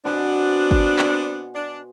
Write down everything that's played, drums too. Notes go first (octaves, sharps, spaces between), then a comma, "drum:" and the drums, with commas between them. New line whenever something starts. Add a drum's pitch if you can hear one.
B2 B3 C4 D4 C5 G#5
drum: kick
drum: clap
D4